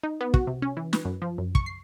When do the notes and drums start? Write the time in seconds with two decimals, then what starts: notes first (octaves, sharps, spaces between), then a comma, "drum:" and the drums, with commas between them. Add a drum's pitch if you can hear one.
0.03 D#4
0.21 B3
0.34 F#4, drum: kick
0.47 C3
0.62 C#4
0.77 E3
0.93 B4, drum: snare
1.05 F#2
1.22 F3
1.38 F#2
1.55 C#6, drum: kick
1.66 C7